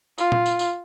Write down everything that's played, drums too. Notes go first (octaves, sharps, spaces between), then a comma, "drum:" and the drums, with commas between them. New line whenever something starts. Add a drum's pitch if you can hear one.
F4, drum: tambourine
drum: tom
drum: tambourine
drum: tambourine